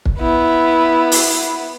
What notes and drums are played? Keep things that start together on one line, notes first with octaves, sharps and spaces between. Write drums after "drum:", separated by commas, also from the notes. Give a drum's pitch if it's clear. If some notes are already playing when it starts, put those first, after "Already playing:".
drum: kick
B3 E4
drum: open hi-hat